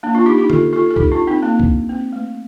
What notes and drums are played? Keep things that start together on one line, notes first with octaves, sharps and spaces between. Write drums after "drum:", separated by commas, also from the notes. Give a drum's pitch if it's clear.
A#3 D4
D4 F4
D#4 G4
D#4 G4
F4 A4, drum: tom D3
F4 A4
A4
D#4 G4, drum: kick C2
D4 F4
C4 D#4
A#3 D4
drum: kick C2
C4
A3